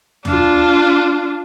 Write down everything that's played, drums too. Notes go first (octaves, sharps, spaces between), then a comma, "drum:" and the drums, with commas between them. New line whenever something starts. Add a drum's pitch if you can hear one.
D4 F4, drum: tom D#2